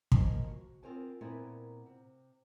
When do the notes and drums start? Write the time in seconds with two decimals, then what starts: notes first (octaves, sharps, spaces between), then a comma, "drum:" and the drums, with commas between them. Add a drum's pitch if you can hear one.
0.12 F3 G3 G#3 A#3, drum: kick
0.48 F#4
0.83 B3 C4 F4 A#4 C5 G#5
1.21 A#2 B3 C4 E4 A#4 G#5
1.86 C3